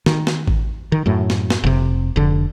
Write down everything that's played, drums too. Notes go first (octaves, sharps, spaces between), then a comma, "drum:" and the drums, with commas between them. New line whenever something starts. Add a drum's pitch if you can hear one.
D#3, drum: snare
drum: snare
drum: kick G#1
D#3
F#2 A2
drum: snare
drum: snare
F1 C3
F1 D3